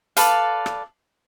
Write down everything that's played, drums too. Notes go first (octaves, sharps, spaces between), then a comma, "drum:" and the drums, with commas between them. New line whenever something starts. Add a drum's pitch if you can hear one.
A4 B4 D5 F5, drum: hi-hat
drum: rim click